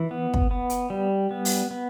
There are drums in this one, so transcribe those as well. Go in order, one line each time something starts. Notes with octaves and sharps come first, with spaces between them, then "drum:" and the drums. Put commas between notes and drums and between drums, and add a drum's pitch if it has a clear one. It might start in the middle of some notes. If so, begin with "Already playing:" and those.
Already playing: E3
B3
drum: kick
B3
drum: hi-hat
G3
B3
drum: open hi-hat
B3